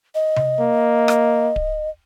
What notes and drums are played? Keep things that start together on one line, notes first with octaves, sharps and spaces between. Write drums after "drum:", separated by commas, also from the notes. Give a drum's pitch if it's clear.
D#5
drum: tom C3
A#3
drum: rim click
drum: kick D1